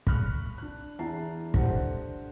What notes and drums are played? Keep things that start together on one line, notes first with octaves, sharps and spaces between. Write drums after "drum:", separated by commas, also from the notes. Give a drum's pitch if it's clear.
B5 C#6 F6 F#6, drum: kick
D4 F#6
E2 E4 A5 A#5 C7
D4 G4 A4 C5 F#5, drum: kick